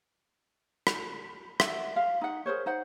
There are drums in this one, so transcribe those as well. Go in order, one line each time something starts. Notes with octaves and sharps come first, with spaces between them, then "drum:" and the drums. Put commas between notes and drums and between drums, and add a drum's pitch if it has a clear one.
drum: rim click
E5 F#5, drum: rim click
F5
D#4 F#5
G#4 A#4 C5 C#5
D#4 C5 F#5